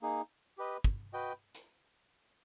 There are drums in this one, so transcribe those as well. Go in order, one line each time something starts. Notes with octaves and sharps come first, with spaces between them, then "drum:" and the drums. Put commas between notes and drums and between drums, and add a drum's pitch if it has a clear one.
A#3 D#4 G#4
G4 B4 D#5
drum: kick
F#4 B4 D#5 G5
drum: hi-hat